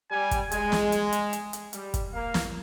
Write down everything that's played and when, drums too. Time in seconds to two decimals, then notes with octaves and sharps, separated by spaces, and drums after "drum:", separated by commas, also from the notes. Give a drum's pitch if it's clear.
0.11 G3 G#5
0.31 drum: kick, hi-hat
0.51 G#3 G#5, drum: hi-hat
0.72 drum: snare
0.92 drum: hi-hat
1.13 drum: hi-hat
1.33 drum: hi-hat
1.53 drum: hi-hat
1.73 G3, drum: hi-hat
1.94 drum: kick, hi-hat
2.13 A#3 F5
2.34 drum: snare